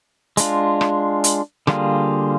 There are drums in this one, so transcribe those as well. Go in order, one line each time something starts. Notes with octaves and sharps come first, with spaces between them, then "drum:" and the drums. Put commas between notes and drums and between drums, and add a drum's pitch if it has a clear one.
G#3 D4 F4, drum: hi-hat
drum: rim click
drum: hi-hat
D3 G3 A#3 F4 G#4, drum: rim click